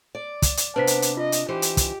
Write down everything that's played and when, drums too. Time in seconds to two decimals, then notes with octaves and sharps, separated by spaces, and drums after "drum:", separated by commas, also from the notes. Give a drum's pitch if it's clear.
0.15 D5
0.42 drum: kick, hi-hat
0.57 drum: hi-hat
0.76 C3 B3 D4 B4 C5 B6
0.87 drum: hi-hat
1.02 drum: hi-hat
1.17 F4 D#5
1.32 drum: hi-hat
1.49 E3 G4 C5
1.62 drum: hi-hat
1.77 drum: kick, hi-hat